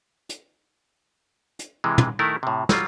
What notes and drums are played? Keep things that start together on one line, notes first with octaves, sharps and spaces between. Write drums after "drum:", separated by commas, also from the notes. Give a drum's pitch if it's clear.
drum: hi-hat
drum: hi-hat
C3 E3 G#3
drum: tom
D#3 A3 E4 A#4
A2 C3
F#3 G3 F4, drum: snare